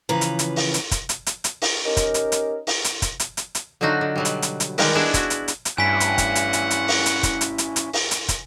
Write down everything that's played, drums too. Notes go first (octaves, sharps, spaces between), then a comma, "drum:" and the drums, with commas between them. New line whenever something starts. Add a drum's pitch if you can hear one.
C#3 E3 F3 B4 A#5
drum: hi-hat
drum: hi-hat
drum: open hi-hat
drum: hi-hat
drum: kick, hi-hat
drum: hi-hat
drum: hi-hat
drum: hi-hat
drum: open hi-hat
C#4 D#4 G4 A#4
drum: kick, hi-hat
drum: hi-hat
drum: hi-hat
drum: open hi-hat
drum: hi-hat
drum: kick, hi-hat
drum: hi-hat
drum: hi-hat
drum: hi-hat
D3 F#3 D4 D#4 F4 F#4
D3
B2 F#3 G3
drum: hi-hat
drum: hi-hat
drum: hi-hat
D#3 G3 G#3 A#4 B4, drum: open hi-hat
B3 D4 E4 G#4
E4 F#4, drum: kick, hi-hat
drum: hi-hat
drum: hi-hat
drum: hi-hat
G2 C#4 E4 F#5 G#5 B6
drum: hi-hat
drum: kick, hi-hat
drum: hi-hat
drum: hi-hat
drum: hi-hat
drum: open hi-hat
drum: hi-hat
drum: kick, hi-hat
drum: hi-hat
drum: hi-hat
drum: hi-hat
drum: open hi-hat
drum: hi-hat
drum: kick, hi-hat